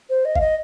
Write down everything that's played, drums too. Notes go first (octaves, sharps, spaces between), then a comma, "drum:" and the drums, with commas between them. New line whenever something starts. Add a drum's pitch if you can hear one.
C5
D#5
F5, drum: kick
D#5